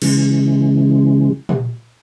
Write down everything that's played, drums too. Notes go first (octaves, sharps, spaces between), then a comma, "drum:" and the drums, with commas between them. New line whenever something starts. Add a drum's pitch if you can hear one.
C#3 E3 G#3, drum: cymbal
drum: tom A#2